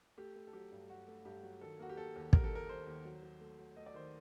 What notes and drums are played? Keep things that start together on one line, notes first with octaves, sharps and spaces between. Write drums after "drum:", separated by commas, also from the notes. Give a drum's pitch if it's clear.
A3 G4
A3
A4
F#3 G4
G2
F#3 F#4
A3
G2 G4
F#3
D#3 A4
A#3 F#4
G4
A#3 A4
D#2
G3 A#4, drum: kick
A4
D#3 A#4
D#3 C5
D#2
F#3
F#3
A3
F#3
A3 D#5
D5
D#3 C5